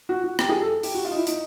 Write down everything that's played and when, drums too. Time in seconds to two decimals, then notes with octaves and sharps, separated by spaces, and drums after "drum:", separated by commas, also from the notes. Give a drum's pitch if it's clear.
0.09 F#4
0.24 F#4
0.39 G4, drum: rim click
0.49 G#4
0.61 A4
0.83 G4, drum: open hi-hat
0.94 F#4
1.05 F4
1.11 D#4
1.17 E4
1.27 D#4, drum: hi-hat